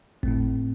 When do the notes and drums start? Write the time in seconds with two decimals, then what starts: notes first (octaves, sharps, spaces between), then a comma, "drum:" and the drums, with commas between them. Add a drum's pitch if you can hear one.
0.23 A2 A3 C4, drum: kick G#1